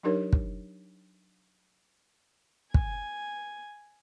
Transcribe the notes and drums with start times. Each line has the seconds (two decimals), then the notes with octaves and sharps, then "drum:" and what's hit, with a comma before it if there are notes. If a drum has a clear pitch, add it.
0.03 F#3 D4 D#4 G4 A#4 C#5
0.33 drum: kick
2.74 G#5, drum: kick